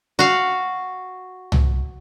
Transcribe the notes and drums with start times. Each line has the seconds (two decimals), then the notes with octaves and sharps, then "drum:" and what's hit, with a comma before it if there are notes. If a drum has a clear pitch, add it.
0.19 F#4 F5
1.52 drum: tom